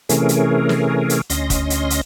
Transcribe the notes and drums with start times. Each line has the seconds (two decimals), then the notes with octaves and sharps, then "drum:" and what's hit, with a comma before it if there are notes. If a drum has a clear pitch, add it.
0.09 C3 E3 A3 C#4 G#4 A#4, drum: hi-hat
0.29 drum: hi-hat
0.69 drum: snare
1.10 drum: hi-hat
1.30 D2 C#4 D#5 C6 A#6, drum: hi-hat
1.50 drum: kick, hi-hat
1.70 drum: hi-hat
1.90 drum: hi-hat